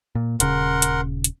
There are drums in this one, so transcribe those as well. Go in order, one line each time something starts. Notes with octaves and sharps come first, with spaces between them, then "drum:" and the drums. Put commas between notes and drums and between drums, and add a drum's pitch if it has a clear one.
A#2
D#1 C#3 A#4 F#5 C6, drum: hi-hat
drum: hi-hat
drum: hi-hat